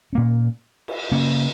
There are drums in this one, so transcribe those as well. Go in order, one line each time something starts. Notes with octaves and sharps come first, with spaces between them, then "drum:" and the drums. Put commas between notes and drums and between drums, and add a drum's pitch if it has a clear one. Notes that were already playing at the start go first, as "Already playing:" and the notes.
A#2 A#3 C#4
drum: cymbal
C#3 A#3 C#4